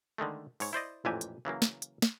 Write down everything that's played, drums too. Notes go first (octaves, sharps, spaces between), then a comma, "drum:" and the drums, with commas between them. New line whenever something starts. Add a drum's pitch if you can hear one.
D3 D#3 G#3 A3
G#2 C#5, drum: open hi-hat
E4 C5 D5 D#5
A1 F2 A#2 E3 G4 G#5
drum: hi-hat
C#3 E3 F#3 A#3
drum: snare
drum: hi-hat
drum: snare